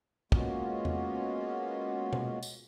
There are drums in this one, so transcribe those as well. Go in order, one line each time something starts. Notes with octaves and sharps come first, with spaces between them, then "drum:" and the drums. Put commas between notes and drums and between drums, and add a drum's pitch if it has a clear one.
G#3 A#3 B3 C#4 F4 F#4, drum: kick
drum: tom E2
drum: tom B2
drum: tambourine